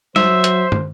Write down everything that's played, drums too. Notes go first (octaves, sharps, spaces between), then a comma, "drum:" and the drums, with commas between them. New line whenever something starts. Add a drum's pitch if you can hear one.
F#3 C5 E5, drum: snare
drum: hi-hat
drum: tom